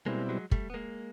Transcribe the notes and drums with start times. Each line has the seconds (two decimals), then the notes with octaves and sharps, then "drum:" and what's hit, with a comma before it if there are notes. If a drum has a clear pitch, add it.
0.06 B2 G3 G#3 A#3 C4 E4
0.29 F#3 G#3
0.51 G3 A3, drum: kick
0.70 B3
0.74 G#3 A#3